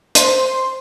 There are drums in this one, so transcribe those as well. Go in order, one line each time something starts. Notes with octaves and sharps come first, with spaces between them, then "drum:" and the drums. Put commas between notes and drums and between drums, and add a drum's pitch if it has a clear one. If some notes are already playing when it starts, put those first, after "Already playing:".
C5 C6, drum: hi-hat